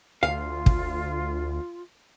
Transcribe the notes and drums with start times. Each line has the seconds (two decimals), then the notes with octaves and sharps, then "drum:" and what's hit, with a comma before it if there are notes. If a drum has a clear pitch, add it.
0.23 D2 F4 F5
0.66 drum: kick